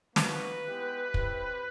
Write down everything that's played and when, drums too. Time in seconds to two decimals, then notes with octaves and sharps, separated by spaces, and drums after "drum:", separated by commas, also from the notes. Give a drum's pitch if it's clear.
0.16 A#3 D#4 F#4 B4, drum: snare
0.65 G#3 B3 E4 G4
1.14 C4 E4 G4, drum: kick